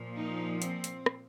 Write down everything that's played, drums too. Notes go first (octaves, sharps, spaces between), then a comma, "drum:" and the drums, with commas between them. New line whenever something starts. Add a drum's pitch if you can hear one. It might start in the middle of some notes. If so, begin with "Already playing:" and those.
Already playing: A#2 F3
D#4
C4, drum: hi-hat
drum: hi-hat
drum: rim click